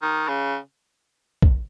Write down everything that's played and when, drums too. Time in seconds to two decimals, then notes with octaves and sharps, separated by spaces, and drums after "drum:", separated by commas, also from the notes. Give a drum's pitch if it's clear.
0.02 D#3
0.28 C#3
1.42 drum: kick B1